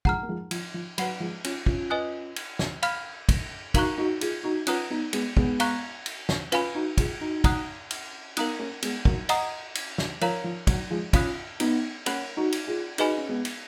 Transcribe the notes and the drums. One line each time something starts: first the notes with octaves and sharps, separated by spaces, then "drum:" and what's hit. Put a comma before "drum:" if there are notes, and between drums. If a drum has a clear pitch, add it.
F3 G#3 F#5 A#5 F6, drum: kick
A#3
F3 G#3
F3, drum: cymbal
F3
F#3 B4 F#5 B5, drum: cymbal
F3 G#3
C#4 F4, drum: cymbal
C#4 F4, drum: kick
B4 D#5 G#5 D#6 F#6
drum: cymbal
drum: snare
F5 B5 F6, drum: cymbal
drum: kick, cymbal
D#4 F#4 A#4 F5 A#5 C#6 F#6, drum: kick, cymbal
D#4 F#4
F4 G#4, drum: cymbal
D#4 F#4
C#4 F4 B4 F#5 A#5 D#6 F#6, drum: cymbal
B3 D#4
G#3 B3, drum: cymbal
G#3 B3, drum: kick
F5 A#5 C#6 F#6, drum: cymbal
drum: cymbal
drum: snare
C#4 F4 B4 F5 G#5 B5, drum: cymbal
D#4 F#4
F4 G#4, drum: kick, cymbal
D#4 F#4
F#5 A#5 D#6 F#6, drum: kick, cymbal
drum: cymbal
B3 D#4 A#4 F5 A#5 D#6 F#6, drum: cymbal
A#3 C#4
G#3 B3, drum: cymbal
F#3 A#3, drum: kick
D#5 F#5 A#5 D#6, drum: cymbal
drum: cymbal
drum: snare
F3 A#4 C#5 F5 A#5, drum: cymbal
F3
F#3, drum: kick, cymbal
F3 G#3
C#4 F4 F5 B5 D#6 F#6, drum: kick, cymbal
B3 D#4, drum: cymbal
A#3 C#4 A#4 C#5 F#5 B5 F#6, drum: cymbal
D#4 F#4
drum: cymbal
F4 G#4
D#4 F#4 G#4 B4 D#5 G#5 B5, drum: cymbal
C#4
G#3 B3
drum: cymbal